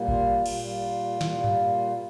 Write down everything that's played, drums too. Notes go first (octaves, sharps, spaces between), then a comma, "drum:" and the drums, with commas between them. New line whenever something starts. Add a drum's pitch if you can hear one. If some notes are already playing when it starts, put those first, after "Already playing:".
Already playing: A#2 G3 A#3
F4, drum: kick G#1
A#2 G3 A#3, drum: cymbal
A#2 G3 A#3, drum: snare
drum: tom G2